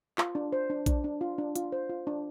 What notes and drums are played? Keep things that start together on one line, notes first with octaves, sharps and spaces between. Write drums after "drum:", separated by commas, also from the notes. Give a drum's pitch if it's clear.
F4, drum: clap
D4
C5
D4
D4, drum: kick A#1, hi-hat
D4
F4
D4
F4, drum: hi-hat
C5
F4
D4